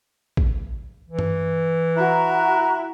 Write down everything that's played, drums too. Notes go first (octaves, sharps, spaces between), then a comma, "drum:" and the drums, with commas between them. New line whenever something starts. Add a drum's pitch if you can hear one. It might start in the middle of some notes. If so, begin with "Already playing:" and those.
drum: kick
E3
drum: tom G2
E4 F#4 A#5 F#6